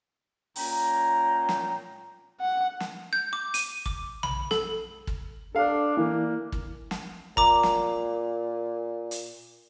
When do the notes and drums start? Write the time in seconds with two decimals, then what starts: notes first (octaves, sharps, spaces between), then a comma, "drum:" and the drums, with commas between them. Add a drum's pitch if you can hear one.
0.56 A#2 C#4 G5 A#5, drum: open hi-hat
1.49 drum: snare
2.41 F#5
2.80 drum: snare
3.13 G6
3.33 D6
3.54 D#7, drum: hi-hat
3.86 D6, drum: kick
4.23 B5, drum: tom A#1
4.51 A4, drum: snare
5.07 drum: kick
5.55 D4 A4 F5
5.97 E3 A#3
6.52 drum: kick
6.91 drum: snare
7.37 A#2 A#5 D6, drum: kick
7.63 drum: snare
9.11 drum: hi-hat